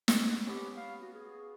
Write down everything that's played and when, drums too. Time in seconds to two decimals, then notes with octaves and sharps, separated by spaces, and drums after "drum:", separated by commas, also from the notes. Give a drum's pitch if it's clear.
0.08 drum: snare
0.47 B3 C#4 G4
0.76 F5
1.01 F#4
1.14 G#4